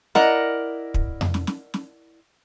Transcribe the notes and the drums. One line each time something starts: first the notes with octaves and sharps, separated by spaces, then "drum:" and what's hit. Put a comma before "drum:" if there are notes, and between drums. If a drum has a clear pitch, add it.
E4 A#4 D5 D#5 F#5, drum: snare
drum: kick
drum: tom F2
drum: snare
drum: snare
drum: snare